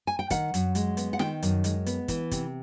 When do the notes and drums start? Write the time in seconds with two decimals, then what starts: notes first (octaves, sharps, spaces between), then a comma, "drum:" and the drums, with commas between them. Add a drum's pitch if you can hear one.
0.07 G#5
0.19 G5
0.30 D#3 F#5, drum: kick, hi-hat
0.54 F#2, drum: hi-hat
0.75 G#3, drum: hi-hat
0.97 B3, drum: hi-hat
1.13 F#5
1.19 D#3 G5, drum: snare
1.43 F#2, drum: hi-hat
1.64 G#3, drum: hi-hat
1.86 B3, drum: hi-hat
2.08 E3, drum: kick, hi-hat
2.31 C3, drum: kick, hi-hat